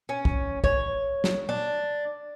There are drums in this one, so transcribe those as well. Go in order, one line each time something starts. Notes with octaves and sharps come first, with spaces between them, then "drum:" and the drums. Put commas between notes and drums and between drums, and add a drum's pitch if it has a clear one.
C#4
drum: kick
C#5, drum: kick
drum: snare
D4